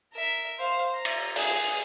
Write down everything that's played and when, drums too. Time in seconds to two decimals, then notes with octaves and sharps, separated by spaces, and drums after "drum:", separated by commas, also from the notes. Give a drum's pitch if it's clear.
0.13 A#4 E5
0.59 C5 F5
0.94 A#5
1.05 drum: cymbal
1.36 G#4, drum: open hi-hat